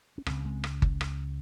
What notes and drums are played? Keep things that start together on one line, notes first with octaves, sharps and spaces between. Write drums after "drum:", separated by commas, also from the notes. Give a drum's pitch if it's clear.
C#4
C#2 C#3 G#3 C4, drum: rim click
G#3 C4
drum: rim click
drum: kick G1
drum: rim click